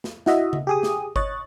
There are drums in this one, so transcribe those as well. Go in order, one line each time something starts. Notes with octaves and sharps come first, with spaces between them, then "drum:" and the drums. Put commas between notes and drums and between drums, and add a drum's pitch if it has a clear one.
drum: snare
E4 F#4 D#5 E5, drum: snare
drum: tom C#3
G4 G#4 D#6
drum: snare
C#5 D#5 F#6 A6, drum: kick G1